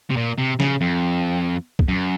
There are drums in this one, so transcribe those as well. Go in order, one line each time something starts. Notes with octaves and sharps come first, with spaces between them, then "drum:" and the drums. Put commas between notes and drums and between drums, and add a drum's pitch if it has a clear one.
C3
A#2
C3
C#3, drum: snare
F2
drum: kick
F#2